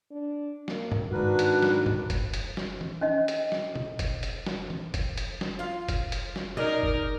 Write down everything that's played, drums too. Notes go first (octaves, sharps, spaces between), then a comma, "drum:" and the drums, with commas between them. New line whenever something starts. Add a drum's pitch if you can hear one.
D4
A#3, drum: snare
drum: tom G2
G#2 D#3 D4 F#4 A#4 B4
drum: hi-hat
drum: snare
drum: tom G2
drum: kick F#1, hi-hat
drum: hi-hat
drum: snare
drum: tom E3
C#4 D#4 D#5
drum: hi-hat
drum: snare
drum: tom B2
drum: kick F#1, hi-hat
drum: hi-hat
drum: snare
drum: tom E3
drum: kick F#1, hi-hat
drum: hi-hat
drum: snare
F4 F5
drum: kick F#1, hi-hat
drum: hi-hat
drum: snare
D#4 G#4 A#4 D5 D#5, drum: tom B2
drum: kick F#1